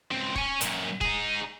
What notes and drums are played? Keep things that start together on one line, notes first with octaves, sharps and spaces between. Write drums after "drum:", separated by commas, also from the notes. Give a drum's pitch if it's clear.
C#2 C4
C#5 G#5, drum: kick
F#2 A#2, drum: hi-hat
D#4 G#4, drum: kick